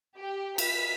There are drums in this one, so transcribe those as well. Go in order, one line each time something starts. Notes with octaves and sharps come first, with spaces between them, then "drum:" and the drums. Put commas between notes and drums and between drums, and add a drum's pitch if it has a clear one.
G4
B6, drum: cymbal